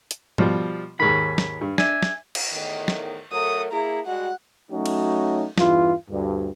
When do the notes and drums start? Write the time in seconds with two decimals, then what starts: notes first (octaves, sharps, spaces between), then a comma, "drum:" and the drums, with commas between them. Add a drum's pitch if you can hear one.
0.11 drum: hi-hat
0.38 B2 F3 G3, drum: tom G#2
1.00 D#2 G#2 D#3 C#5 B5
1.38 drum: snare
1.61 G2
1.78 D4 E5 G#5, drum: snare
2.03 drum: snare
2.35 drum: cymbal
2.52 E2 A2 D#3
2.88 drum: snare
3.32 F#3 A3 A#4 D#6
3.72 A#3 E4 G#4 A#5
4.06 G3 G#3 F#4 F#5
4.71 F#3 A3 C#4 D#4 F#4
4.86 drum: cymbal
5.58 E2 G2 E3 F4, drum: snare
6.10 D2 G2